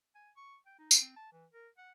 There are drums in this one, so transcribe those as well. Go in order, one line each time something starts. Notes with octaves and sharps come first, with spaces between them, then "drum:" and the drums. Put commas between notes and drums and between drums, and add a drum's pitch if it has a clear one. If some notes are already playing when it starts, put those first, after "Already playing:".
G#5
C#6
G5
D#4
drum: tambourine
C4
A5
E3
A#4
F#5